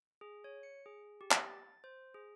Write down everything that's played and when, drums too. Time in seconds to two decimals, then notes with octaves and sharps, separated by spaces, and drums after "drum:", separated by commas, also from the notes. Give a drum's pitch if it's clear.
0.21 G#4
0.44 C#5
0.63 C#7
0.86 G#4
1.21 G4
1.31 drum: clap
1.47 A6
1.84 C5
2.14 G#4